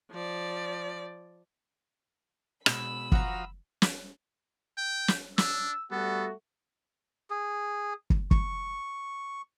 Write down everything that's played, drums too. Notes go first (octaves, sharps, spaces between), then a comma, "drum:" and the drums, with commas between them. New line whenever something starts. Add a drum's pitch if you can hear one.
F3 D5
B2 G#3 B5 E6, drum: rim click
F3 F#4 F5 A#5 D#6, drum: kick
drum: snare
G5
drum: snare
D4 E6, drum: snare
G3 A3 B3 F#4 A4
G#4
drum: kick
C#6, drum: kick